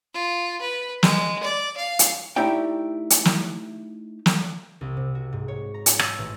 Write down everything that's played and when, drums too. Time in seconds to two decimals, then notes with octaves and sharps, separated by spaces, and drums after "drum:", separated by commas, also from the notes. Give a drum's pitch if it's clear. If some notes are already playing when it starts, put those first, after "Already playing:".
0.14 F4
0.61 B4
1.03 G#3, drum: snare
1.43 D5
1.77 F5
1.99 drum: hi-hat
2.36 A3 D#4 E4 G4 D5 G5
3.10 drum: hi-hat
3.25 drum: snare
4.26 drum: snare
4.81 C2
4.97 C3
5.15 F#4
5.33 G#2
5.48 C#5
5.74 A#5
5.86 G#6, drum: hi-hat
5.99 E6, drum: rim click
6.19 A1